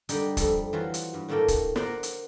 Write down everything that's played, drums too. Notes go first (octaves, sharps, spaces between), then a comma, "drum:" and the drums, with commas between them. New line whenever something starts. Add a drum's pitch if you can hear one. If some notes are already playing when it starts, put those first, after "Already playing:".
D3 G3 D4 D#4 G5, drum: hi-hat
F2 G3 A4, drum: kick, hi-hat
E3 F#3 F4
drum: hi-hat
G2
A2 D3 A#3 A4 A#4 G5
drum: kick, hi-hat
A#4 C5 D5 F#5, drum: snare
drum: hi-hat